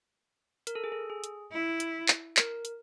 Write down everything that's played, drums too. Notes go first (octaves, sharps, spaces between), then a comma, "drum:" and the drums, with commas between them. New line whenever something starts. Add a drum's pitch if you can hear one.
A#4, drum: hi-hat
A4
G#4
A4
G#4
drum: hi-hat
E4
drum: hi-hat
drum: clap
A#4, drum: clap
drum: hi-hat